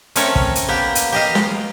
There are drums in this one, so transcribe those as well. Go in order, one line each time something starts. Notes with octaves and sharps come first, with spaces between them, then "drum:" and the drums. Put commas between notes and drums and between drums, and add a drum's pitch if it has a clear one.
A3 C4 C#4 A#4 C#5 E5, drum: hi-hat
drum: kick
drum: hi-hat
A#3 B3 G4
drum: hi-hat
G4 D#5 F5
drum: snare